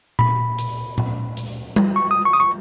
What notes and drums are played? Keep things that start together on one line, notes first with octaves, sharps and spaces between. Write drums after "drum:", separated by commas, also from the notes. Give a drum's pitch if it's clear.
B5, drum: tom A#2
drum: hi-hat
drum: tom A#2
drum: hi-hat
drum: tom G3
C#6
D#6
C#6
D#6
C#6